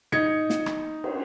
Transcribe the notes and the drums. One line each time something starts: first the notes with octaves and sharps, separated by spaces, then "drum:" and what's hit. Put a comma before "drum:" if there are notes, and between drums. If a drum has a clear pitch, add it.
D#4 G#6 C#7, drum: tom
drum: snare
drum: rim click
drum: cymbal